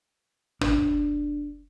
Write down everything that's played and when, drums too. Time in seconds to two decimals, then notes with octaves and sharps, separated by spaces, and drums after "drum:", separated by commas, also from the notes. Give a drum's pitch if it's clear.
0.61 D4, drum: tom